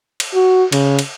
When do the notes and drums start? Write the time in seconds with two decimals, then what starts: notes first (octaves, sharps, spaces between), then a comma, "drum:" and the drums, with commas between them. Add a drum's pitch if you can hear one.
0.20 drum: cymbal
0.35 F#4
0.72 C#3, drum: cymbal
0.99 drum: cymbal